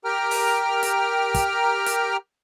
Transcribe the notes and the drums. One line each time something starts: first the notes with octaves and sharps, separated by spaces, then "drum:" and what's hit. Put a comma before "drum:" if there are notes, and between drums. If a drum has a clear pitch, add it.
G4 A#4 G5 A#5 F6
drum: open hi-hat
drum: hi-hat
drum: kick, hi-hat
drum: hi-hat